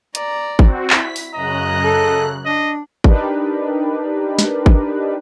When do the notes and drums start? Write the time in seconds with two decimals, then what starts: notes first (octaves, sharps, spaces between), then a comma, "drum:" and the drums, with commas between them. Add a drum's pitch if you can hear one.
0.15 D5 A#5, drum: hi-hat
0.59 C4 F#4, drum: kick G#1
0.90 E4 B6, drum: clap
1.16 drum: open hi-hat
1.34 F#2 C#3 D#5 A#5 F#6
1.84 A4
2.46 D4 D#5
3.04 D4 D#4 G4 A#4 B4, drum: kick G#1
4.39 drum: snare
4.66 drum: kick G#1